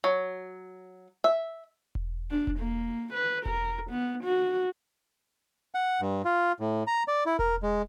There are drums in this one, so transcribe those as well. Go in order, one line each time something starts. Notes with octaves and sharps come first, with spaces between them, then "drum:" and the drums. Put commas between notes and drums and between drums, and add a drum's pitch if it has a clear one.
F#3
E5
drum: kick E1
D4
drum: kick E1
A#3
B4
A#4, drum: kick E1
B3
F#4
F#5
G2
F4
A2
A#5
D5
E4
A#4, drum: kick E1
G#3